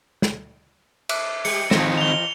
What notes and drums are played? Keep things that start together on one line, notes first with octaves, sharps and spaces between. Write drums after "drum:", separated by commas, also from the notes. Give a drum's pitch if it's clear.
drum: snare
E5 D6 F#6, drum: cymbal
G3 G4 C#7, drum: open hi-hat
F2 A#2 D#3 E3 C4 A#6, drum: snare
F7 G7